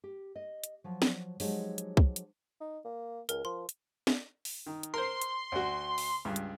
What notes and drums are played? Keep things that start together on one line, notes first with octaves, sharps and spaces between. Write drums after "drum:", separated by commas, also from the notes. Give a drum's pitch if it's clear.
G4
D#5
drum: hi-hat
F3 F#3
drum: snare
F3 F#3 G#3 D#4 G4 C#5, drum: open hi-hat
drum: hi-hat
drum: kick C2
drum: hi-hat
D#4
A#3
C#2 A#4, drum: hi-hat
F3 C6
drum: hi-hat
drum: snare
drum: open hi-hat
D#3
drum: hi-hat
A#4 C5 C6
drum: hi-hat
D2 F#4
drum: open hi-hat
C#2 G2
drum: hi-hat